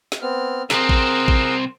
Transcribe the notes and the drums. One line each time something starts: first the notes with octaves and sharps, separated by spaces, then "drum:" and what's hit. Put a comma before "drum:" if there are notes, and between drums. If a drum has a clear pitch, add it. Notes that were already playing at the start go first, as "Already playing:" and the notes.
drum: snare
B3 C4 F6
C2 C4 G#4 A#4 F#5, drum: snare
drum: kick A1
drum: kick A1